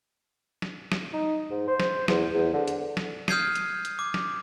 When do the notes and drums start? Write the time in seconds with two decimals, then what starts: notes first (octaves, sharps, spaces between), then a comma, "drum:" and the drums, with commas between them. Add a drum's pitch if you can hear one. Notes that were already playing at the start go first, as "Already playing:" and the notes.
0.62 drum: snare
0.92 drum: snare
1.13 D#4
1.50 G#2
1.68 C5
1.80 drum: snare
2.08 E2, drum: snare
2.35 E2
2.53 D3
2.68 drum: hi-hat
2.97 drum: snare
3.28 D#6 F6 G6 G#6 C7 D#7, drum: snare
3.56 drum: hi-hat
3.85 drum: hi-hat
3.99 D6
4.14 drum: snare